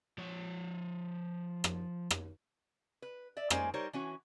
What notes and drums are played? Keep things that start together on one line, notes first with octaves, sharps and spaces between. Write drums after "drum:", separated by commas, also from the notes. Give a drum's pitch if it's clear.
F3 C#5
drum: rim click
drum: rim click
B4
D5 E5
G#3 A#3 C#4 G#4 C5 D5, drum: rim click
G3 D#4 A#4 C5 C#5
E3 C#4 F#4